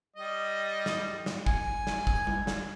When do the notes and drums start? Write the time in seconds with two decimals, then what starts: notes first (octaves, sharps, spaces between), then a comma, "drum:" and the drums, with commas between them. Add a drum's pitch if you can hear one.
0.16 G3 D#5
0.86 drum: snare
1.26 drum: snare
1.46 G#5, drum: kick
1.87 drum: snare
2.07 drum: kick
2.27 drum: tom G3
2.47 drum: snare